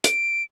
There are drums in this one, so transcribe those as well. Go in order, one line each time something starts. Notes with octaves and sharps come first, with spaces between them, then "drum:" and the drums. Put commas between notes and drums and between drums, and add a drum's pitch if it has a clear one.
D7, drum: hi-hat